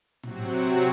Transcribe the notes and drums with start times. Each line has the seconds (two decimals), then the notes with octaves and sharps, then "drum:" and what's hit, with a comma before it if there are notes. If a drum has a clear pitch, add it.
0.23 C3 F#3 C4 F#4, drum: tom